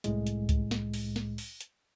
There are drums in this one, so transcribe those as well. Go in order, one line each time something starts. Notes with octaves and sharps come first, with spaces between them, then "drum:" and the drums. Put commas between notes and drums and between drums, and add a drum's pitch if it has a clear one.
C2 A2 G#3, drum: hi-hat
drum: hi-hat
drum: kick C#2, hi-hat
drum: snare
drum: open hi-hat
drum: snare
drum: open hi-hat
drum: hi-hat